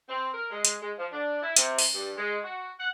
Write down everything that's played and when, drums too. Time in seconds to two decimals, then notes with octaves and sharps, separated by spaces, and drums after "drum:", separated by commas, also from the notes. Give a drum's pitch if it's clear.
0.09 C4
0.33 A#4
0.51 G#3
0.65 drum: hi-hat
0.81 G#3
0.98 F3
1.12 D4
1.43 E4
1.56 C3, drum: hi-hat
1.78 drum: open hi-hat
1.93 G2
2.16 G#3
2.43 F#4
2.79 F#5